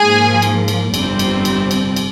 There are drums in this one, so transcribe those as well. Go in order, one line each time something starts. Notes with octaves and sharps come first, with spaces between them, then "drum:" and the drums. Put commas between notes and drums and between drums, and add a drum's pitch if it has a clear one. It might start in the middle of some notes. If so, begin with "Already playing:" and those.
Already playing: G#2 F3 A#3 G#4 G#5
drum: cymbal
drum: cymbal
G1 F2 C3 G3 C4, drum: cymbal
drum: cymbal
drum: cymbal
drum: cymbal
drum: cymbal